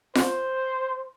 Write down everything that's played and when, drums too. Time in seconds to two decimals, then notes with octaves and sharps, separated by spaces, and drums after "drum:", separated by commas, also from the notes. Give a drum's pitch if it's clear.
0.15 C5, drum: snare F4